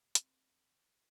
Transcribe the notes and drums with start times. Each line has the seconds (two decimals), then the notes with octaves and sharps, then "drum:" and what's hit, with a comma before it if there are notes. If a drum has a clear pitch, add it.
0.15 C3, drum: hi-hat